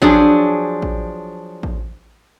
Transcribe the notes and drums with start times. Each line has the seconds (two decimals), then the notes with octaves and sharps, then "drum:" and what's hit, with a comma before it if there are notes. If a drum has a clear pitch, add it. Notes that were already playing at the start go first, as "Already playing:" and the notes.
0.02 F3 F#3 D4 G#4, drum: kick A1
0.82 drum: kick A1
1.63 drum: kick A1